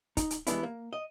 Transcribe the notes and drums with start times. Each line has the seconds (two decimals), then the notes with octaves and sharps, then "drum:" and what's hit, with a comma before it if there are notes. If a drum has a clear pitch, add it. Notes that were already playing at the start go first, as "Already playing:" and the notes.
0.17 D#4, drum: kick, hi-hat
0.30 drum: hi-hat
0.47 E3 G3 G#3 B3 D4 E4, drum: hi-hat
0.63 A#3
0.93 D#5